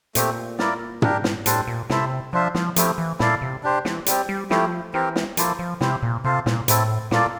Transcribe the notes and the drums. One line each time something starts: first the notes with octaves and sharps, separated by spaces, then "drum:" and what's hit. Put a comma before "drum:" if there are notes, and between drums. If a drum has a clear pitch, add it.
A#2 A3 C4 G4, drum: hi-hat
A#3 E4 A#4 D5, drum: snare
D4 G4 A#4, drum: tom
drum: snare
A2 G3 D4 A4 C5, drum: hi-hat
A#2
C3 E4 A4 C5 E5, drum: snare
F3 D4 F4 C5 E5
F3, drum: snare
F3 A3 C4 E4 G4, drum: hi-hat
E3
A#2 E4 A4 D5 F5, drum: snare
C3
D4 G4 C5
E3, drum: snare
G3 C4 G4, drum: hi-hat
G3
F3 A3 E4 G4, drum: snare
E3 C4 G4 A#4
drum: snare
F3 A#3 E4 A4 C5, drum: hi-hat
F3
C3 E4 G4 C5, drum: snare
A#2
C3 F4 A4 C5 F5
A#2, drum: snare
A2 C4 E4 A4, drum: hi-hat
A#2 A#3 F4 A4 D5, drum: snare